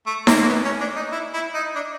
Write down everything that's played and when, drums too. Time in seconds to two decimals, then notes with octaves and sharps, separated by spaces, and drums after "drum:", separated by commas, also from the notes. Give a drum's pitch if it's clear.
0.06 A3
0.27 A#3, drum: snare D#4
0.42 A#3
0.48 B3
0.64 C#4
0.81 D4
0.96 D#4
1.12 E4
1.33 E4
1.54 D#4
1.75 D4